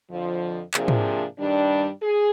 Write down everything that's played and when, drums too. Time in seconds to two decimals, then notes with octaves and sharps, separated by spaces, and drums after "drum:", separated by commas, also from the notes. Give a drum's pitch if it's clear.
0.11 F2 D3 F3
0.74 C3 F3 A#3 D4 G#4, drum: clap
0.88 drum: tom
1.38 G2 D#3 G3 D4
2.02 G#4